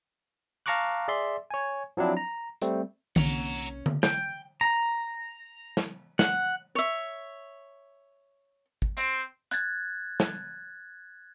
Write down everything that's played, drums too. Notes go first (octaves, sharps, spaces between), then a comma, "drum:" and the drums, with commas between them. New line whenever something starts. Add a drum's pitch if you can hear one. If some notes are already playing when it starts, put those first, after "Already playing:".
F5 A5 A#5 C#6 D6 F#6
G#4 D5 E5 C6
C#5 G#5
F3 F#3 C4 D4 E4
A#5
G3 A3 C4, drum: hi-hat
B1 C3 D#3 A#3 C#4 F#5 A#5, drum: tom D3
drum: tom D3
G5, drum: snare
A#5
drum: snare
F#5, drum: snare
C#5 E5
drum: kick
C4, drum: hi-hat
F#6 G#6 A6, drum: hi-hat
drum: snare